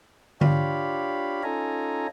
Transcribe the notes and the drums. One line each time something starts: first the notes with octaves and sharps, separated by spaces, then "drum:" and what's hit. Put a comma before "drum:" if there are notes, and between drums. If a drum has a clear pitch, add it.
D4 F4 G4 C#5 F5 B5, drum: tom D3
C#4 D#4 F4 A4 G#5 A#5